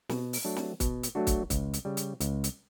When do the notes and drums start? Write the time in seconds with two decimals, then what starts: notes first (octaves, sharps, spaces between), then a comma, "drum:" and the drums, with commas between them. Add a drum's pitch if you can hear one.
0.09 B2, drum: snare
0.33 drum: open hi-hat
0.45 F#3 A3 D4 F#4
0.56 drum: snare
0.80 B2, drum: kick, hi-hat
1.03 drum: hi-hat
1.15 F#3 A3 D4 F#4
1.27 drum: kick, hi-hat
1.50 C#2, drum: kick, hi-hat
1.73 drum: hi-hat
1.85 C#3 G3
1.97 drum: hi-hat
2.20 C#2, drum: hi-hat
2.44 drum: hi-hat